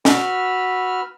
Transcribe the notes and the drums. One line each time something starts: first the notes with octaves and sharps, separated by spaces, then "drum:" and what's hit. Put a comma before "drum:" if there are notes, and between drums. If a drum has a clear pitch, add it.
F#4 B4 B5 E6 F6, drum: snare